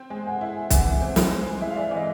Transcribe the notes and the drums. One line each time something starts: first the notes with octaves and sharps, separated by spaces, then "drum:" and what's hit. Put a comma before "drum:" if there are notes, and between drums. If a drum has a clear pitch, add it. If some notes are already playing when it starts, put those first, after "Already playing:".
Already playing: C4 G5
G#3
F#5 G#5
E4
E3 E5 F#5, drum: kick B1, hi-hat
C4
drum: snare
G#3
E4 E5
F5
D5 E5
E3 D#5